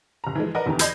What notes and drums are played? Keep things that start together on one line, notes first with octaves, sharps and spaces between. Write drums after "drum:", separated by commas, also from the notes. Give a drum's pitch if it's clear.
F#1 A#5
E3 F3 G#3
A#4 B4 D5 D#5 F#5
F1 E2 D3 E3 G4 A#5
D5 D#5 B5 G6 G#6 C7, drum: hi-hat